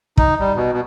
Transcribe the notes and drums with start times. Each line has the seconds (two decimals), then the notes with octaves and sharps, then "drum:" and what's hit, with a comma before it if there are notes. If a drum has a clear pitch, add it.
0.17 D#4, drum: kick
0.39 G3
0.56 B2
0.72 B2